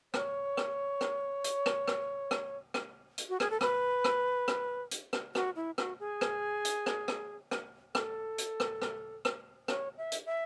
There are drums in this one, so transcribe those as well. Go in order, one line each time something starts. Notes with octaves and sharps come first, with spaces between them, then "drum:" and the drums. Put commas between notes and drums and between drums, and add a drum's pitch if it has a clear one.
C#5, drum: rim click
drum: rim click
drum: rim click
drum: hi-hat
drum: rim click
drum: rim click
drum: rim click
drum: rim click
drum: hi-hat
F#4
G#4, drum: rim click
A4
B4, drum: rim click
drum: rim click
drum: rim click
drum: hi-hat
drum: rim click
F#4, drum: rim click
E4
F#4, drum: rim click
G#4
drum: rim click
drum: hi-hat
drum: rim click
drum: rim click
drum: rim click
A4, drum: rim click
drum: hi-hat
drum: rim click
drum: rim click
drum: rim click
C#5, drum: rim click
E5
drum: hi-hat
E5